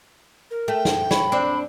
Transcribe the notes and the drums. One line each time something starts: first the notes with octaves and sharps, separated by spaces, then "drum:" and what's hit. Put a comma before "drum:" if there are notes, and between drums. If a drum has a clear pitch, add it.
A#4
A3 G5
drum: snare
C#5 B5, drum: snare
C4 D4